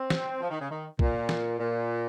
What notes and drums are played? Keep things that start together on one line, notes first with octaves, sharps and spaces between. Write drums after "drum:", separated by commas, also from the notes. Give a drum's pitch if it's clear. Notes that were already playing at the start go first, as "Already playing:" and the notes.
Already playing: C4
drum: snare
F3
D#3
C#3
D#3
A#2, drum: kick
drum: snare
A#2